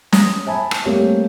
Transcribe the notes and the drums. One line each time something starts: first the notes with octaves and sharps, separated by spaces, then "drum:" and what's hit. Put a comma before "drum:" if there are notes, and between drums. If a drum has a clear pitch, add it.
D#6, drum: snare
E5 G#5 A5 B5
drum: rim click
G3 A3 A#3 C4 G4 C#5